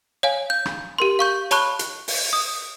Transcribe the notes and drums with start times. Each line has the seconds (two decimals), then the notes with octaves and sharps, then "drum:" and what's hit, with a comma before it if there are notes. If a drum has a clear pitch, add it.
0.23 C#5 F5 G#5
0.50 G6
0.66 drum: rim click
0.98 G4 A#4 C6
1.19 F5 C#6 G6
1.51 C#5 A5 B5 C#6 F#6, drum: hi-hat
1.79 drum: hi-hat
2.08 drum: open hi-hat
2.33 D#6